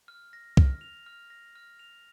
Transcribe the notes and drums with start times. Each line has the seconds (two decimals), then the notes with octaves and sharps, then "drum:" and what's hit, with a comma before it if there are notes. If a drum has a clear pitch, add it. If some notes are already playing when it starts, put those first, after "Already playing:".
0.08 F6
0.33 A#6
0.57 F6, drum: kick C2
0.81 F7
1.06 F6
1.30 A#6
1.56 F6
1.79 F7